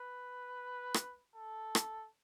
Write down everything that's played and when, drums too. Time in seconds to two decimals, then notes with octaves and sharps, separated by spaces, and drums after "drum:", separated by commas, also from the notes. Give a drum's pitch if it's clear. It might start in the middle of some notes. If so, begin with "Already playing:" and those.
Already playing: B4
0.94 drum: rim click
1.35 A4
1.75 drum: rim click